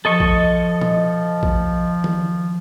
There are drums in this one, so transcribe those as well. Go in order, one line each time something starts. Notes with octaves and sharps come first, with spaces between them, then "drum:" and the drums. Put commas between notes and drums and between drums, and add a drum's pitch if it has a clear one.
F3 A4 D#5 C#6
drum: kick A#1
drum: tom A#2
drum: kick A#1
drum: tom D#3